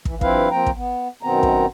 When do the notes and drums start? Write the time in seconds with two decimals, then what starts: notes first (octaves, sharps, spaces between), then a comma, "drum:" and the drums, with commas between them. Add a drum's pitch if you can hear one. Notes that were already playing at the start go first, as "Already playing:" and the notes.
0.05 E3, drum: kick
0.21 G2 F3 C4 E4 B4 F5, drum: kick
0.51 F3 A#3 C4 G5 A#5
0.66 drum: kick
0.76 B3
1.23 F#2 B2 D#3 B3 C4 A#5
1.43 drum: kick